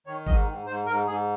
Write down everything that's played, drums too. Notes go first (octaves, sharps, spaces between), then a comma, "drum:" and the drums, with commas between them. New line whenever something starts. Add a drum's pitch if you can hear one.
D#3 C#5
G#2 D#5, drum: kick G#1
G#2
G#2 C5
G#2 A#4
G#2 G#4